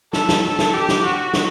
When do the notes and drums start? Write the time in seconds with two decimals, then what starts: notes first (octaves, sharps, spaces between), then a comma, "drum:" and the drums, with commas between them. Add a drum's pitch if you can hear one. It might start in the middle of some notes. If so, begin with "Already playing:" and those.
0.13 A4, drum: snare
0.29 drum: snare
0.44 A4
0.59 drum: snare
0.74 G4
0.89 drum: snare
1.04 F#4
1.33 drum: snare